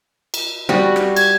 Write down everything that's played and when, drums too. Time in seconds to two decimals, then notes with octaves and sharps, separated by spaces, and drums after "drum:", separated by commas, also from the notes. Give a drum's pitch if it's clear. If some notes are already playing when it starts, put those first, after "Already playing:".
0.34 drum: cymbal
0.69 G3 F#4
0.96 drum: rim click
1.16 G#6, drum: cymbal